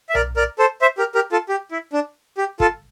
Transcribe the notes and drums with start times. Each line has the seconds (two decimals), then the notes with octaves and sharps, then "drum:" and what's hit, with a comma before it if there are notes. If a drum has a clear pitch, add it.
0.09 E5
0.15 A#4 D5, drum: tom B1
0.37 A#4 D5
0.59 A4 C5
0.82 C5 E5
0.98 G4 A#4
1.15 G4 A#4
1.32 F4 A4
1.49 G4
1.71 E4
1.93 D4
2.38 G4
2.60 F4 A4, drum: kick